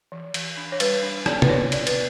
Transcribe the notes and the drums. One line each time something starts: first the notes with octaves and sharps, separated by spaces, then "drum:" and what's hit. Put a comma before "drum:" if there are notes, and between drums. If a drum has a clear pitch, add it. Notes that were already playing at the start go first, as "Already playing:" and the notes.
E3
E3, drum: cymbal
D4
C#5
G3 B4, drum: cymbal
D4
B3 D5, drum: rim click
B4, drum: tom
D4 C#5
B3 D5, drum: cymbal
B4, drum: cymbal